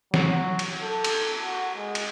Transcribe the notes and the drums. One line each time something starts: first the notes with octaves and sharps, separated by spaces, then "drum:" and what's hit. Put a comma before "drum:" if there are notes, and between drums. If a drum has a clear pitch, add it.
F#3, drum: snare
drum: cymbal
A4
drum: cymbal
F#4
G#3
drum: cymbal